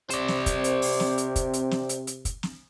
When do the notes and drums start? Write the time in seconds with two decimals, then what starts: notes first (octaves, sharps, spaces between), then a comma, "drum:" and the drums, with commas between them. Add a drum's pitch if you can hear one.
0.10 C3 C4 C5 D5, drum: hi-hat
0.28 drum: snare
0.46 drum: kick, hi-hat
0.64 drum: hi-hat
0.82 drum: open hi-hat
1.00 drum: snare
1.18 drum: hi-hat
1.36 drum: kick, hi-hat
1.53 drum: hi-hat
1.71 drum: snare
1.89 drum: hi-hat
2.07 drum: hi-hat
2.25 drum: kick, hi-hat
2.43 drum: snare